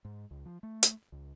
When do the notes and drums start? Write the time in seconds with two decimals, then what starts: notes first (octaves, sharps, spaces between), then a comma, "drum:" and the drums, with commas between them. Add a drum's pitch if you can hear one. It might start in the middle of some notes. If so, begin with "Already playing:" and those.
0.05 G#2
0.31 C#2
0.45 F3
0.63 A3
0.83 drum: hi-hat
1.12 C#2